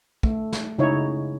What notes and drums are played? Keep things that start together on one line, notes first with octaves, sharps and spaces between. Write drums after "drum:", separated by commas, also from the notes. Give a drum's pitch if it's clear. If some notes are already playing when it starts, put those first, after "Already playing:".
A3, drum: kick
drum: snare
C#3 D#4 E4 C#5